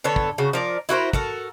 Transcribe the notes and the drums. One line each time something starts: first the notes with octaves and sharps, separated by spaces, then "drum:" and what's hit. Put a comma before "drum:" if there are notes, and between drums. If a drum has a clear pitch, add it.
D3 B3 A4 C#5
drum: kick
C#3 F#4
F3 A#4 D5
E4 F#4 A#4 C5
F#4 A4 A#4, drum: kick